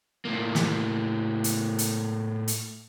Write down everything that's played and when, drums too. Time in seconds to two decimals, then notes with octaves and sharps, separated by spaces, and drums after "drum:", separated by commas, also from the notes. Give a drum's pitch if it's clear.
0.25 A2 A#3
0.55 drum: snare
1.44 drum: hi-hat
1.79 drum: hi-hat
2.48 drum: hi-hat